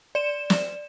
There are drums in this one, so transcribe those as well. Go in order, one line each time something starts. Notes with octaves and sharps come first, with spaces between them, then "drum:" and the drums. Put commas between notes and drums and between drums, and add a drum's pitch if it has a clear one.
D5 E7
drum: snare